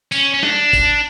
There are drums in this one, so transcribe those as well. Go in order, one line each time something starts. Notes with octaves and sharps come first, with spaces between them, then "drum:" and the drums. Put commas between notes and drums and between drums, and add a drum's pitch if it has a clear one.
C#4, drum: tambourine
C#4
D4, drum: snare
drum: kick G#1, tambourine